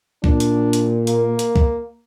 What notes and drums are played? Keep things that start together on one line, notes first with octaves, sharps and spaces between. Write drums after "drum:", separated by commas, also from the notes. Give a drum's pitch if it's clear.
A#2 D4, drum: kick
drum: hi-hat
drum: hi-hat
A#3, drum: hi-hat
drum: hi-hat
drum: kick